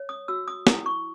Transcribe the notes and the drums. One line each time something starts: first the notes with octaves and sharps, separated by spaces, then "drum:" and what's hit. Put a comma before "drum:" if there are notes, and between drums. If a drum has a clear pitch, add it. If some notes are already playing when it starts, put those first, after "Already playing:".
Already playing: C#5
D#6
F#4 E6
D#6
E4 D#6, drum: snare
C#6